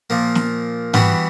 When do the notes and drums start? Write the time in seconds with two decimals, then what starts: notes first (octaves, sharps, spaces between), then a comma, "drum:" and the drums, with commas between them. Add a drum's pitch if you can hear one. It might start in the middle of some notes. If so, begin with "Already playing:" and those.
0.10 A#2 F3 A#3
0.35 drum: snare
0.94 E3 G3 B3 D4 F#4, drum: tom G#2